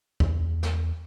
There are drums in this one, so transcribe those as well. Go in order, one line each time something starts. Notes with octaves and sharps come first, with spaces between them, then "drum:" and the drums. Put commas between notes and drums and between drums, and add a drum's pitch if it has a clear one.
E2, drum: kick
drum: snare